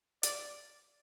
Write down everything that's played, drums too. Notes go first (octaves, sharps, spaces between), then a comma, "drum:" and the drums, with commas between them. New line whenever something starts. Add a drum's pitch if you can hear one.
D5, drum: hi-hat